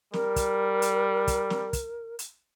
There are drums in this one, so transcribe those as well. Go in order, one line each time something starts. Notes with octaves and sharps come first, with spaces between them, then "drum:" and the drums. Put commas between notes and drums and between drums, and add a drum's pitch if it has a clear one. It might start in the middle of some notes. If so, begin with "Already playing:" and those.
G3 A#4, drum: snare
drum: kick, hi-hat
drum: hi-hat
drum: kick, hi-hat
drum: snare
drum: kick, hi-hat
drum: hi-hat